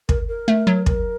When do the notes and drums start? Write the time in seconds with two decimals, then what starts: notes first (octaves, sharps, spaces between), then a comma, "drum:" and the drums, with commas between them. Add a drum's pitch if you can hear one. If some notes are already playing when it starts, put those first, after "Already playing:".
0.09 A#4, drum: kick
0.28 A#4
0.48 A3
0.67 F#3
0.86 A#4, drum: kick